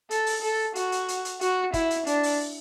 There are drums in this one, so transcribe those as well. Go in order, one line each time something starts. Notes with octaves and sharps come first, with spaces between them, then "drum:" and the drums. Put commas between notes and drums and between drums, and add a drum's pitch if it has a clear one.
A4, drum: hi-hat
drum: open hi-hat
A4
F#4, drum: hi-hat
drum: hi-hat
drum: hi-hat
drum: hi-hat
F#4, drum: hi-hat
E4, drum: kick, hi-hat
drum: hi-hat
D4, drum: hi-hat
drum: open hi-hat